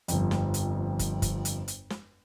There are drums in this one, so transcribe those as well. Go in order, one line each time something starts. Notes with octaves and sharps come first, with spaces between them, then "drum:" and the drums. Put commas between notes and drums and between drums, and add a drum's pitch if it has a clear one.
G1 F2, drum: hi-hat
drum: snare
drum: hi-hat
drum: kick, hi-hat
drum: kick, hi-hat
drum: hi-hat
drum: hi-hat
drum: snare